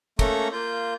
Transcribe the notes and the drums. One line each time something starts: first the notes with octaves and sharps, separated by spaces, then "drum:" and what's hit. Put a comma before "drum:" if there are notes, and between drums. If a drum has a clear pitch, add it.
A3 A#3 C#4 A4 A#5 C#6, drum: kick, cymbal
A#3 F4 G6